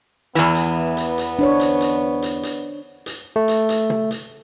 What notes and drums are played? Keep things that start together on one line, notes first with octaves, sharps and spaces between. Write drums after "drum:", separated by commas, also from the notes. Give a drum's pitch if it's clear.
E2 E3 B3, drum: hi-hat
drum: hi-hat
drum: hi-hat
drum: hi-hat
D4 C5 C#5
drum: hi-hat
drum: hi-hat
drum: hi-hat
drum: hi-hat
drum: hi-hat
A3
drum: hi-hat
drum: hi-hat
drum: tom
drum: hi-hat